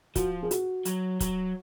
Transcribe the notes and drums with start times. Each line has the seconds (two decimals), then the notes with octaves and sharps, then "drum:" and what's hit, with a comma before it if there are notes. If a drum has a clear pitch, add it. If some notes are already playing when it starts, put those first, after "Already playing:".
0.15 F3 F#4, drum: kick, hi-hat
0.43 G#4
0.51 F#4, drum: hi-hat
0.85 F#3, drum: hi-hat
1.20 F#3, drum: kick, hi-hat